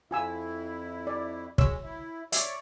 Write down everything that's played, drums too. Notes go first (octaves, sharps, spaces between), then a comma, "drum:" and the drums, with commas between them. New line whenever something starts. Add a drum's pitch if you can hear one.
F2 E4 F4 G#5 E6
D5
G#3 C#5 E6, drum: kick
E4
C#5 D5 E5, drum: hi-hat